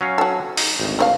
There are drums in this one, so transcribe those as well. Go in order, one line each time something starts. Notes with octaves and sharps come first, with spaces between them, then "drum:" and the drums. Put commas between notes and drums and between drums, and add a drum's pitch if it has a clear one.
F#3 C#4 F5
F#4 A4
D#4, drum: open hi-hat
G#1 D2
A3 C#5 F5